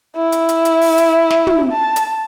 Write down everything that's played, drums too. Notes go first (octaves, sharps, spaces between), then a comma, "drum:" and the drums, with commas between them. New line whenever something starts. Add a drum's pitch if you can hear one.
E4
drum: hi-hat
drum: hi-hat
drum: hi-hat
drum: open hi-hat
drum: hi-hat
drum: snare
drum: tom
A5
drum: hi-hat